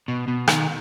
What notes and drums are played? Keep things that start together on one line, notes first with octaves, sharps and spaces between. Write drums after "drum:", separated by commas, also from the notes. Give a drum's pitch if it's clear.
B2
B2
D#3, drum: rim click